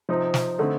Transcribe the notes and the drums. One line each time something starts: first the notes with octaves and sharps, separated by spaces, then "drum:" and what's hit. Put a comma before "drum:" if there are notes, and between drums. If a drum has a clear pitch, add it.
C3 F3 C4 D#4
drum: snare
D3 A3 C4 D#4